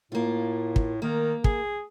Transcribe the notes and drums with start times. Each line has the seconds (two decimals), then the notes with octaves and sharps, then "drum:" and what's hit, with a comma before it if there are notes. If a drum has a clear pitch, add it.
0.12 A2 A#3 F4
0.76 drum: kick
1.02 D#3 A#3
1.44 G#4, drum: kick